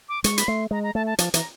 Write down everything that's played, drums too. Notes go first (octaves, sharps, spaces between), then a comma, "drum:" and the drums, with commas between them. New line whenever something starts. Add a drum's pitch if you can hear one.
D6
G#3 C#6, drum: hi-hat
B5, drum: hi-hat
A3 C6
G#3 A#5
A#5
A3 A5
A5
F3 A5, drum: hi-hat
E3 A#5, drum: hi-hat